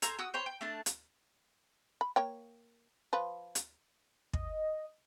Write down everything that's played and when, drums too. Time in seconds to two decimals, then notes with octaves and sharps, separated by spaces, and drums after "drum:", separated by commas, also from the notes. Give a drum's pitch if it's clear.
0.02 A4 C5 G#5 A#5, drum: hi-hat
0.19 F#4 D#6 E6
0.34 C5 C#5 G5 B5
0.46 G5
0.61 A3 D4 A5
0.86 drum: hi-hat
2.01 B5
2.16 A#3 C#5 G5
3.13 F3 B4
3.55 drum: hi-hat
4.33 D#5, drum: kick